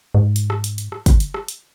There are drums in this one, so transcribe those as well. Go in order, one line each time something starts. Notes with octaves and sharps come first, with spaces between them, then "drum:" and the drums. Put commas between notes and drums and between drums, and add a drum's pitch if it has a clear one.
G#2
drum: hi-hat
drum: rim click
drum: hi-hat
drum: hi-hat
drum: rim click
drum: kick, hi-hat
drum: hi-hat
drum: rim click
drum: hi-hat